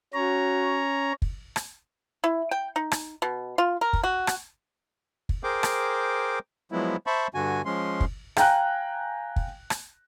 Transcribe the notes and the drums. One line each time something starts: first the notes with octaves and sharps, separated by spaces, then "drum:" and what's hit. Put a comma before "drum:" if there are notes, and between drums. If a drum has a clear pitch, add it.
C#4 F#4 C#5 A#5
drum: kick
drum: rim click
E4
G5
D#4
drum: rim click
B2
F4
A#4
drum: kick
F#4
drum: rim click
drum: kick
G#4 A#4 C5 G5 D6
drum: rim click
F3 F#3 G#3 B3 E4
C5 E5 A5 B5 C#6
G2 D3 F#4 G#5
F3 G#3 C#4 C6
drum: kick
F5 G5 G#5 A#5 F#6, drum: rim click
drum: kick
drum: rim click